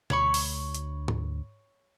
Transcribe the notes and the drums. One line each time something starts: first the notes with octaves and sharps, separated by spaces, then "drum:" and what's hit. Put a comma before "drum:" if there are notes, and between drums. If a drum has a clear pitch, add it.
D2 C#5 B5 C#6, drum: tom B2
drum: open hi-hat
drum: hi-hat
drum: tom G#2